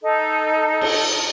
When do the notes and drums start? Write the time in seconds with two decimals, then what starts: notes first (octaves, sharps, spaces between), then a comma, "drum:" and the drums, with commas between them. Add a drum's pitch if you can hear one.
0.01 D#4 A4
0.81 drum: cymbal